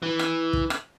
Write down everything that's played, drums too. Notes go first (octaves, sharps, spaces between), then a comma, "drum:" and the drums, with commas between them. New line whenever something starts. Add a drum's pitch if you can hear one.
E3
drum: rim click
drum: kick
drum: rim click